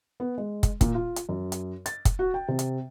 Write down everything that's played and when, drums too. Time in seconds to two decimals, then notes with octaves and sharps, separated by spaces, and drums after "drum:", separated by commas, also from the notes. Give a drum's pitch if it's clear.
0.20 B3
0.38 G#3
0.63 drum: kick, hi-hat
0.81 A#2, drum: kick, hi-hat
0.95 F4
1.16 drum: hi-hat
1.29 F#2
1.52 drum: hi-hat
1.86 A6, drum: hi-hat
2.05 drum: kick, hi-hat
2.19 F#4
2.34 G5
2.48 C3
2.59 drum: hi-hat